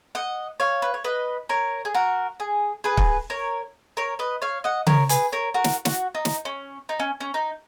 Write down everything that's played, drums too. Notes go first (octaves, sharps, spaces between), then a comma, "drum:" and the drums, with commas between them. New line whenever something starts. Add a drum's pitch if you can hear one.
D#5 F#5
C#5 F5
B4
C#5
B4 D#5
A#4 C#5
G#4
F#4 A#4
G#4
G#4 B4
drum: kick
A#4 C#5
A#4 C#5
B4 D#5
C#5 F5
D#5 F#5
A#4 C#5, drum: tom C#3
G#4 B4, drum: hi-hat
A#4 C#5
F#4 A#4
drum: snare
F#4, drum: snare
D#4
drum: snare
C#4
D#4
C#4
C#4
D#4